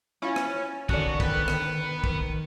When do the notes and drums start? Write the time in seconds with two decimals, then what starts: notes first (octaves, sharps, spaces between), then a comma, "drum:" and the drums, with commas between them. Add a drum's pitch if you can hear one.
0.22 C#4 E4 F4
0.36 drum: rim click
0.89 D3 D#3 B3 C#4 F#4 A4 D5, drum: kick
1.20 A4 B4 G5, drum: kick
1.48 drum: rim click
1.94 D#3
2.04 drum: kick